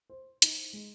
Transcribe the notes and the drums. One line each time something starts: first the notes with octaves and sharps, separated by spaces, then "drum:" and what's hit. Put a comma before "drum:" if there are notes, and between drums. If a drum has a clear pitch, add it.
C5
D#4, drum: hi-hat
G#3